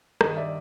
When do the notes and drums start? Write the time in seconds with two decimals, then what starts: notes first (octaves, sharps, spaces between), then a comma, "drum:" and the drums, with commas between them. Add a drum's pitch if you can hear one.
0.21 G2 D#3 D#5, drum: rim click
0.37 D5 E5